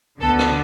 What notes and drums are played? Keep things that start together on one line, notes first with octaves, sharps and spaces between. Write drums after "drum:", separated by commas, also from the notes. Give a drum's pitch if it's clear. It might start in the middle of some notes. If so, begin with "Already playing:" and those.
D2 D3 B3 A4
drum: rim click